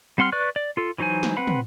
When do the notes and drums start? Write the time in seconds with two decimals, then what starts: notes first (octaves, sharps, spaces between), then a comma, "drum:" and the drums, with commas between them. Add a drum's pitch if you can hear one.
0.18 G3 C4 F#5 C6 F6
0.32 B4 D5 C#6 F#6
0.56 D5
0.77 F4 A4
0.98 E3 F#3 D#4 C5 G#5
1.23 drum: snare
1.37 C4 B4 F#5 B5
1.47 drum: tom